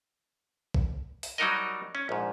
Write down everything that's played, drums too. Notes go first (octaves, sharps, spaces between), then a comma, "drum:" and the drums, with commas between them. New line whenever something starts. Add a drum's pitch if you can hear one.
drum: kick A#1
drum: open hi-hat
F#3 G3 D#4 F#4 A#4 D#5
C#4
A#1 G#2